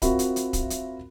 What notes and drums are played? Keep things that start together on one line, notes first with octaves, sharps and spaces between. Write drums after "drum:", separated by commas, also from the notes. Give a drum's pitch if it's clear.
C4 F4 F#4 A#4 E5 B5, drum: kick, hi-hat
drum: hi-hat
drum: hi-hat
drum: kick, hi-hat
drum: hi-hat